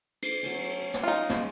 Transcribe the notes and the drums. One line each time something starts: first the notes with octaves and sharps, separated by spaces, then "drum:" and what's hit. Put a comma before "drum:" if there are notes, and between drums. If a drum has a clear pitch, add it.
drum: cymbal
F#3 A3 C#4, drum: cymbal
drum: cymbal
A5
drum: snare
D#4 F4
G#3 G4, drum: snare